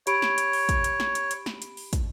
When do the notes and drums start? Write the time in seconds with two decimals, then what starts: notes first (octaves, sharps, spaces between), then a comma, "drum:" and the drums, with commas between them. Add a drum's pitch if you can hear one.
0.07 G4 C#5 B5 D7, drum: hi-hat
0.22 drum: snare
0.38 drum: hi-hat
0.53 drum: open hi-hat
0.69 drum: kick, hi-hat
0.84 drum: hi-hat
1.00 drum: snare
1.15 drum: hi-hat
1.31 drum: hi-hat
1.46 drum: snare
1.62 drum: hi-hat
1.77 drum: open hi-hat
1.93 drum: kick, hi-hat